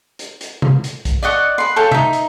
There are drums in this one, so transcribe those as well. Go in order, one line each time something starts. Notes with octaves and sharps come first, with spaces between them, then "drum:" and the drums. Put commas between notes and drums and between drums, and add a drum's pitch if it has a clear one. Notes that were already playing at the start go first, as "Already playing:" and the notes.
drum: hi-hat
drum: hi-hat
drum: tom C3
drum: hi-hat
drum: kick B1, hi-hat
D5 D#5 F#5 C#6
B4 C6
A4 C#5 F5 G5
D#4 E5, drum: tom C3
drum: hi-hat